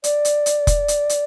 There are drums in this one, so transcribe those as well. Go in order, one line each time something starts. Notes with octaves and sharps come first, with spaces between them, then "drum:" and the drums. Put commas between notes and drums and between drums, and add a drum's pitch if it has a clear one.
D5, drum: hi-hat
drum: hi-hat
drum: hi-hat
drum: kick F1, hi-hat
drum: hi-hat
drum: hi-hat